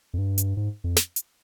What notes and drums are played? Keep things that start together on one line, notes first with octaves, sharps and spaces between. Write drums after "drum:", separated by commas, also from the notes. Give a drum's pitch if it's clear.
F2
G2
drum: hi-hat
G#2
F2
drum: snare
drum: hi-hat